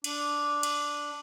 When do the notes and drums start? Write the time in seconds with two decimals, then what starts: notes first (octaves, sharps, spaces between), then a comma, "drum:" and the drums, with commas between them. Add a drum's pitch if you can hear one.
0.04 D4, drum: cymbal
0.63 drum: cymbal